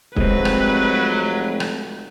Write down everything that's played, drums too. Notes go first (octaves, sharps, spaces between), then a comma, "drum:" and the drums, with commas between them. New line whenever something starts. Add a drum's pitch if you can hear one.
F1 F#3 G#3 C4 B4, drum: kick
drum: rim click
drum: rim click